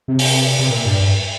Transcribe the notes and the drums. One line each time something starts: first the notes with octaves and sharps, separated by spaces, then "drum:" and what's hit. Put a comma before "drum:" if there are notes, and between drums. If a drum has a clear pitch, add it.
C3
drum: open hi-hat
C3
A#2
G2
G2